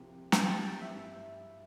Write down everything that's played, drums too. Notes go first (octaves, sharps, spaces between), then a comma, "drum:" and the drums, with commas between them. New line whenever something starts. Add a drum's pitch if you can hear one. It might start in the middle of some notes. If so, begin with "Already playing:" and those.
Already playing: C2 C3 F3 C4 G4
F5, drum: snare
C2 C3 F3 C4 G4 G5
A5
G5
E5
G2 E3 G3